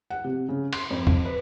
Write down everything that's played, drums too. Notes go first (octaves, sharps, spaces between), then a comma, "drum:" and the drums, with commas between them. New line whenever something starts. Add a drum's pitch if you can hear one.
F#5
C3
C#3
C6, drum: cymbal
F2
drum: tom
B4